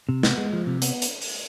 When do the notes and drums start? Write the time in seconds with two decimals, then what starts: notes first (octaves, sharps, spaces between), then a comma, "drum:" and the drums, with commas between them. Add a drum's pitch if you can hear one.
0.09 C3
0.23 B3, drum: snare
0.38 G#3
0.53 F3
0.67 C3
0.82 B3, drum: hi-hat
1.02 drum: hi-hat
1.22 drum: open hi-hat